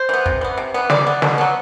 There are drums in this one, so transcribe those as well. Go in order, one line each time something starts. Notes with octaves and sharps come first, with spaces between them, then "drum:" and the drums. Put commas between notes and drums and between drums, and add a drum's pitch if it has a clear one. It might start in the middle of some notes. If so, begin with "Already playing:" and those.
Already playing: C5
E3 B3
C3, drum: kick
E3 B3
C3
E3 B3
C3 D5, drum: snare
E3 B3
B2, drum: snare
F#3 B3